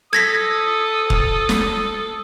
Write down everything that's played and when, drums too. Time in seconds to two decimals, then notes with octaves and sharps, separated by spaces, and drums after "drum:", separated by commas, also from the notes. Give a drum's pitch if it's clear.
0.13 A4 D#6 G#6 A#6 B6
1.10 drum: kick
1.49 drum: snare